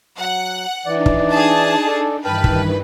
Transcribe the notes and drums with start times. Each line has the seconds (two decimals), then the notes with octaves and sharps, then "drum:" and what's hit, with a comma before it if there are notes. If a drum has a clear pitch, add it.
0.18 F#3 F#5
0.86 E3 D4 D#4 D5
1.06 drum: kick
1.30 G#4 A5
1.87 A4 D5
2.25 G2 D#3 E3 B4 G5 A5 F6
2.44 drum: kick